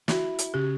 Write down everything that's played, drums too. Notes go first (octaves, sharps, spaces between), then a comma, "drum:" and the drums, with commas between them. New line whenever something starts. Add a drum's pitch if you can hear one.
E4 F#4, drum: snare
drum: hi-hat
C#3 G4